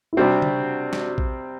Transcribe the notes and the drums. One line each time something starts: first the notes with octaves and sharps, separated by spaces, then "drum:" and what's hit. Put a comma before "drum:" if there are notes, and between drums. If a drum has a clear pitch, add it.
E4
C3 G3 C4 D4 F#4
drum: tom C#3
drum: snare
drum: kick A#1